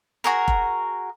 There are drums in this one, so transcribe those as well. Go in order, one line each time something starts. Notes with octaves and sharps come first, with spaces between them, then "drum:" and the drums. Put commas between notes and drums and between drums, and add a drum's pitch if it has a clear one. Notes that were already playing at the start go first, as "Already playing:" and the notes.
F#4 G#4 A#4
drum: kick F1